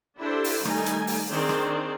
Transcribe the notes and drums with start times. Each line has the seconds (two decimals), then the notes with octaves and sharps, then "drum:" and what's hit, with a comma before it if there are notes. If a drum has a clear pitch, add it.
0.19 D4 E4 G4 A4 C5
0.44 drum: open hi-hat
0.65 D#3 G3 A3 D#4 G#5, drum: rim click
0.86 drum: hi-hat
1.07 drum: open hi-hat
1.30 D#3 C4 D4 G#4 C5 D5
1.49 drum: rim click